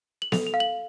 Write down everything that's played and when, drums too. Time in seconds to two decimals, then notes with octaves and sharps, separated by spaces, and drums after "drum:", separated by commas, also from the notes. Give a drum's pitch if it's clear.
0.22 F#7
0.32 A4 F7, drum: snare B3
0.47 F7
0.54 F5
0.60 F#7